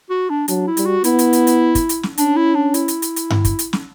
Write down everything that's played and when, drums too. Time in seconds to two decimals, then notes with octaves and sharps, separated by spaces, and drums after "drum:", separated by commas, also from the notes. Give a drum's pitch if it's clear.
0.10 F#4
0.30 D4
0.48 F#3 D4, drum: hi-hat
0.67 E4
0.77 G3, drum: hi-hat
0.86 F#4
1.04 B3 E4, drum: hi-hat
1.19 drum: hi-hat
1.33 drum: hi-hat
1.47 drum: hi-hat
1.75 drum: kick, hi-hat
1.89 drum: hi-hat
2.03 drum: snare
2.18 C#4 D4, drum: hi-hat
2.36 E4
2.55 D4
2.74 E4, drum: hi-hat
2.88 drum: hi-hat
3.02 drum: hi-hat
3.16 drum: hi-hat
3.30 drum: tom G2
3.45 drum: kick, hi-hat
3.59 drum: hi-hat
3.73 drum: snare